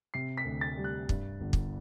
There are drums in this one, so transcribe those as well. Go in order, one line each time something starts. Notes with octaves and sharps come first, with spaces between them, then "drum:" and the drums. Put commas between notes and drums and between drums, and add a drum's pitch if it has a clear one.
C3 C7
B6
D2
A6
G3
F#6
G2, drum: kick
G1
drum: kick